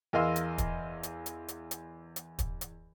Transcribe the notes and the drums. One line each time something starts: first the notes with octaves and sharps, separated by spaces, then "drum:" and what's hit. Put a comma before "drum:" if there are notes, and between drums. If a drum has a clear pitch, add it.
E2 A#4 D#5 F5 C6 E6
drum: hi-hat
drum: kick, hi-hat
drum: hi-hat
drum: hi-hat
drum: hi-hat
drum: hi-hat
drum: hi-hat
drum: kick, hi-hat
drum: hi-hat